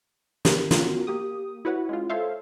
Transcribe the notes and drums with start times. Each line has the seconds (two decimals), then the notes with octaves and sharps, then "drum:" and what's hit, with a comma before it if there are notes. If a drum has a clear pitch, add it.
0.45 B3 C#4 G4 A#4 B4, drum: snare
0.71 B3 C#4 F4 F#4 A#4, drum: snare
1.07 A#3 G4 D#6
1.65 E4 F#4 B4 C#5 F#5
1.89 G#3 C#4 F4
2.09 A4 C5 C#5 E5 F5